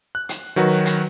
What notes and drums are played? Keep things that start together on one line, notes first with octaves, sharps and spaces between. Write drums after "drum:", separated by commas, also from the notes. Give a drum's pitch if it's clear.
F#6
drum: hi-hat
D#3 F#3 F#4 B4
drum: hi-hat